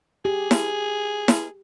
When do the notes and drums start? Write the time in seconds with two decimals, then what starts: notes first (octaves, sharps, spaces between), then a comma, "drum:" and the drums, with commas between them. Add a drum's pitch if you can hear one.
0.25 G4 G#4
0.51 drum: snare E4
1.28 drum: snare E4